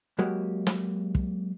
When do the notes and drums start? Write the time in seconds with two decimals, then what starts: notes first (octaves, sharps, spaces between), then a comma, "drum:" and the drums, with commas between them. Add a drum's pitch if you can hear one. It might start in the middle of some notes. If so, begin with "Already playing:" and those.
0.19 F#3 G#3 A#3 F#4 G4
0.67 drum: snare
1.15 drum: kick